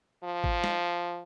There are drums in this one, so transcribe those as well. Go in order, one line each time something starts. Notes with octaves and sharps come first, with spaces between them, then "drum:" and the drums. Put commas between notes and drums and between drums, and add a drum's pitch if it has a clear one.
F3
drum: kick
drum: snare